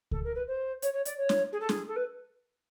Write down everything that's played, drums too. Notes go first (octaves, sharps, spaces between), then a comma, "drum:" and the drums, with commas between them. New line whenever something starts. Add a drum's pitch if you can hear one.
A4, drum: kick C#2
A#4
B4
C5
C#5, drum: hi-hat
C#5
D5, drum: hi-hat
C#5
drum: snare
G#4
A4
G#4, drum: snare
A4
B4